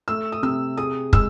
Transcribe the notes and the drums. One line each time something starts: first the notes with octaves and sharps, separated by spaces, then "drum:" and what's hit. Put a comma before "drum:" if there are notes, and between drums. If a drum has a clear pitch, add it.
A3 E6
D#6
C3 E6
G#4 D#6
G#3 E6, drum: kick